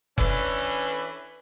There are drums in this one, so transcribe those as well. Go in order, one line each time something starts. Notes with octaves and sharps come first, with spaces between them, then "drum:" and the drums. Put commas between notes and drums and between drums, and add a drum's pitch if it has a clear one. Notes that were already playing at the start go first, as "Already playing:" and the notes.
E3 C#4 D4 A4 B4, drum: kick F1